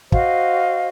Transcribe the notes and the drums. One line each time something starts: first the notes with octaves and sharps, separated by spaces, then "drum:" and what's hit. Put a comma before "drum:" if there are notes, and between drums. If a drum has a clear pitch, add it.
F#4 C5 D#5 F5, drum: kick